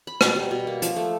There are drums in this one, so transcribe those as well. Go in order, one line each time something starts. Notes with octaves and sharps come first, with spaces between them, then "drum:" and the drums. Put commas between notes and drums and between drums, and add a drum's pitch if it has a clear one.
B5
B2 A#5, drum: rim click
G3
B2
A#3
F3 A5, drum: hi-hat
A3